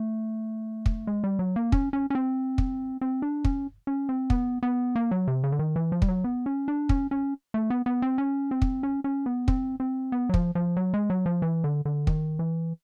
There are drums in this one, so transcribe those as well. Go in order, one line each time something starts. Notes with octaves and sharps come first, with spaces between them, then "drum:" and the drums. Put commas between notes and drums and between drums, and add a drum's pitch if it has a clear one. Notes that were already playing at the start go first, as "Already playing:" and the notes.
Already playing: A3
drum: kick
G#3
G3
F#3
A#3
C#4, drum: kick
C#4
C#4
C4
drum: kick
C4
D4
C#4, drum: kick
C#4
C4
B3, drum: kick
B3
A#3
F#3
C3
C#3
D3
D#3
E3
F3
G3, drum: kick
F#3
B3
C#4
D4
C#4, drum: kick
C#4
A3
B3
B3
C4
C#4
C4
drum: kick
C#4
C#4
B3
C4, drum: kick
C4
B3
F#3
F3, drum: kick
F3
F#3
G#3
F#3
F3
E3
D3
D3
D#3, drum: kick
E3